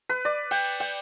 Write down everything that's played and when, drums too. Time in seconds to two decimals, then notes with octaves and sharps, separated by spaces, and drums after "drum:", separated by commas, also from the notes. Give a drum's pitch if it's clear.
0.09 B4
0.25 D5
0.51 G5, drum: cymbal
0.64 drum: cymbal
0.80 G5, drum: cymbal